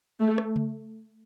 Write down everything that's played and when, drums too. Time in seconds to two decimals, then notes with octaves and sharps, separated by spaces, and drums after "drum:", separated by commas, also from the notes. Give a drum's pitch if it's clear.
0.20 A3
0.38 drum: rim click
0.56 drum: tom C#3